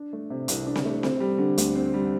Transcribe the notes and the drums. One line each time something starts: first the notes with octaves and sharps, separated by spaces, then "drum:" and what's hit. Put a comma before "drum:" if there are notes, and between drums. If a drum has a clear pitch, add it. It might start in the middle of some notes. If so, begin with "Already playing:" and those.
Already playing: D4
A3
C3
C2, drum: hi-hat
D4
drum: snare C4
A3
C4, drum: snare C4
G3
D3
D2, drum: hi-hat
C4
G3